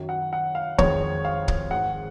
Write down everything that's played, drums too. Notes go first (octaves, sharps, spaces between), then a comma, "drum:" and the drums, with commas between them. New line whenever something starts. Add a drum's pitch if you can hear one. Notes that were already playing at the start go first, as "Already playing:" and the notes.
Already playing: F#2 D#3 F#3
F#5
F#5
F5
F2 D#3 G#3 C#5, drum: kick
F5
drum: kick
G#2 D#3 G#3 F#5